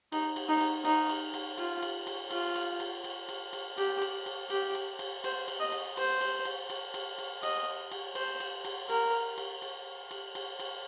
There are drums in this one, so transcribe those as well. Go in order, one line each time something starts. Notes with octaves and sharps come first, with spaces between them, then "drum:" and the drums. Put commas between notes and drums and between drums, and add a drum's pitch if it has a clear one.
D#4, drum: cymbal
drum: cymbal
D#4
drum: cymbal
D#4, drum: cymbal
drum: cymbal
drum: cymbal
F4, drum: cymbal
drum: cymbal
drum: cymbal
F4, drum: cymbal
drum: cymbal
drum: cymbal
drum: cymbal
drum: cymbal
drum: cymbal
G4, drum: cymbal
drum: cymbal
drum: cymbal
G4, drum: cymbal
drum: cymbal
drum: cymbal
C5, drum: cymbal
drum: cymbal
D#5
drum: cymbal
C5, drum: cymbal
drum: cymbal
drum: cymbal
drum: cymbal
drum: cymbal
drum: cymbal
D#5, drum: cymbal
drum: cymbal
C5, drum: cymbal
drum: cymbal
drum: cymbal
A#4, drum: cymbal
drum: cymbal
drum: cymbal
drum: cymbal
drum: cymbal
drum: cymbal